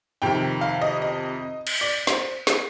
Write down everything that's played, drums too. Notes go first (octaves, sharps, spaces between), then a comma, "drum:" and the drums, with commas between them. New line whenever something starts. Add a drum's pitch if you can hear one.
F2 C3 D#3 G5
F5
D#5
D#5
drum: cymbal
D5
C5, drum: snare
drum: snare